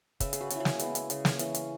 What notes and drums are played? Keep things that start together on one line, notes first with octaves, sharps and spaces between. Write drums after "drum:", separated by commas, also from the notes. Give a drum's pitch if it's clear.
C#3 B4 E5, drum: kick, hi-hat
G#4, drum: hi-hat
F#4 B4
C#3, drum: hi-hat
C#4 E4 F#4
drum: snare
G#3 B3 E4, drum: hi-hat
drum: hi-hat
C#3, drum: hi-hat
drum: snare
E3 C#4, drum: hi-hat
drum: hi-hat